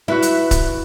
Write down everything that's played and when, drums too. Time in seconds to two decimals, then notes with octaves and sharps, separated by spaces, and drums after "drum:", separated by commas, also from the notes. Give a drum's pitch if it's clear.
0.08 E4 F#4 B4 E5
0.22 drum: hi-hat
0.51 drum: kick C#1, hi-hat